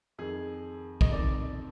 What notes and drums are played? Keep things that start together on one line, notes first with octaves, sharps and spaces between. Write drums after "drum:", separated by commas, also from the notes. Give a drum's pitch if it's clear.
F2 D#3 G#4
D#5, drum: kick A#1
F2 D#3 D5